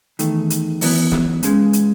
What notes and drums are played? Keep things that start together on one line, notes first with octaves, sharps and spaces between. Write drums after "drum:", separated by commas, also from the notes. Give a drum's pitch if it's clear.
E2 D#3 A3, drum: hi-hat
drum: hi-hat
F#2 E3 B3, drum: open hi-hat
drum: snare
C#2 C#3 G#3, drum: hi-hat
drum: hi-hat